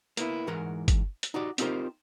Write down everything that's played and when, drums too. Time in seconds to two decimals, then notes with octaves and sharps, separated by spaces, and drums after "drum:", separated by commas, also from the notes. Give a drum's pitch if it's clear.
0.17 A#3 B3 E4, drum: hi-hat
0.47 G#2 E3 A#4 F#5
0.88 drum: kick, hi-hat
1.23 drum: hi-hat
1.34 D#4 F#4 G4 D5
1.58 C4 D#4 F4 G4 A#4 C5, drum: hi-hat